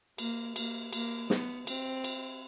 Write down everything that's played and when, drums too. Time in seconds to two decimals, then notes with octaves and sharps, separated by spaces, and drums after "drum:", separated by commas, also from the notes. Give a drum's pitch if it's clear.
0.18 A#3, drum: cymbal
0.56 A#3, drum: cymbal
0.93 A#3, drum: cymbal
1.30 B3, drum: snare
1.67 C4, drum: cymbal
2.04 drum: cymbal